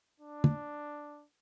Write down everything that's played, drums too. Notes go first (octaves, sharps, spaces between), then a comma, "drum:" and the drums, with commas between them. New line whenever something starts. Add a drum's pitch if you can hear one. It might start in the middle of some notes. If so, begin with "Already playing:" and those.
D4
drum: tom